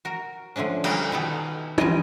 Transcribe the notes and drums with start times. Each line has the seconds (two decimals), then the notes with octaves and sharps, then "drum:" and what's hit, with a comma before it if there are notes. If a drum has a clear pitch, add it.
0.05 F#4 A#4
0.56 D3 F3 A3 C#4 D4
0.84 G3 A#3 D4 A4 A#4 D5, drum: cymbal
1.11 B2 D#3 B3 A4
1.78 G3 G#3 F4 D#5 G5, drum: tom